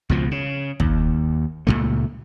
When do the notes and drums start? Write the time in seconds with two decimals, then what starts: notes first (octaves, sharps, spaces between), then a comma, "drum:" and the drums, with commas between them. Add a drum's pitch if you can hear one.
0.10 C#2 B2 F3
0.31 C#3
0.80 D#2, drum: kick
1.67 C#2 G2 A#2 A3